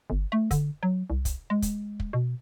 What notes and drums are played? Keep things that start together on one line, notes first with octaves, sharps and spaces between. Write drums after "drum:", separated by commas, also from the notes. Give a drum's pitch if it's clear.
G1
A3
D3, drum: kick, hi-hat
F#3
C2
drum: kick, hi-hat
G#3
drum: kick, hi-hat
drum: kick
B2